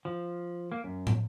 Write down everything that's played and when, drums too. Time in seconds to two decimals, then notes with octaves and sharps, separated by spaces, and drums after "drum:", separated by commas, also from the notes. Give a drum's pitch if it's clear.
0.05 F3
0.72 A#3
0.84 F#2
1.07 drum: tom